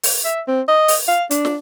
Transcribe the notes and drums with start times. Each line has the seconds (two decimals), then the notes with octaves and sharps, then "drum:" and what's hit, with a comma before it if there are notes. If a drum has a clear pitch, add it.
0.03 drum: open hi-hat
0.25 E5
0.47 C4
0.68 D#5
0.88 drum: open hi-hat
1.08 F5
1.31 D4, drum: hi-hat
1.45 drum: snare